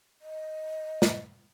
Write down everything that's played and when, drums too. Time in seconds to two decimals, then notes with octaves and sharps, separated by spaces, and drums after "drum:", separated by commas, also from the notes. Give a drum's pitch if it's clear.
0.21 D#5
1.02 drum: snare